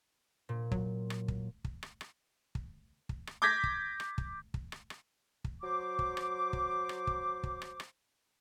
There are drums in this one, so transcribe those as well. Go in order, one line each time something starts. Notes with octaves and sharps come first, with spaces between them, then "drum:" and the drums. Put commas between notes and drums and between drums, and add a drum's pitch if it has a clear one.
A#2
F#3, drum: kick
drum: rim click
drum: kick
drum: kick
drum: rim click
drum: rim click
drum: kick
drum: kick
drum: rim click
D6 G6 G#6 A#6 B6
drum: kick
drum: rim click
drum: kick
drum: kick
drum: rim click
drum: rim click
drum: kick
F#3 C5 D6
drum: kick
drum: rim click
drum: kick
drum: rim click
drum: kick
drum: kick
drum: rim click
drum: rim click